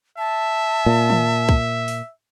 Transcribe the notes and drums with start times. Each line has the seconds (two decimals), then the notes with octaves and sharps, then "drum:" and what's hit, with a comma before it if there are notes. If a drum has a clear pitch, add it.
0.18 E5 A5
0.86 A#2
1.10 drum: tom
1.49 drum: kick
1.88 drum: open hi-hat